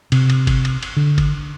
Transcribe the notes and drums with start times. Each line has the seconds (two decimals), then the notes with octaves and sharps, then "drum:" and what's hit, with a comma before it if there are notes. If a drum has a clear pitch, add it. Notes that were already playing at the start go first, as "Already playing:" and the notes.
0.12 C3, drum: cymbal
0.30 drum: cymbal
0.47 drum: kick G1, cymbal
0.65 drum: cymbal
0.83 drum: cymbal
0.97 D3
1.18 drum: kick G1, cymbal